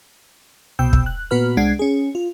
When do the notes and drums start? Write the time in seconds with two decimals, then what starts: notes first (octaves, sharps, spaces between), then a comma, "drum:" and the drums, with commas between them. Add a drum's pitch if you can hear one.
0.79 C2 B2 G5 E6 G6
0.93 drum: kick
1.06 F#6
1.31 A#2 B3 F#4 B4 F6
1.57 C2 G#3 D4 F#5 G#6 C7
1.79 C#4 G#4
2.15 F4